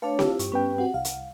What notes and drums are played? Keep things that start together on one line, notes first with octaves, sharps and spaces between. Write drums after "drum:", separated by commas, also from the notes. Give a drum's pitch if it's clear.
A3 D4 B4 C#5 F5 A5
E4 F4 G4, drum: snare C4
G2 C#6, drum: hi-hat
G2 B3 C#4 B4 G5
C4 F#4 F#5
C2 F5
drum: hi-hat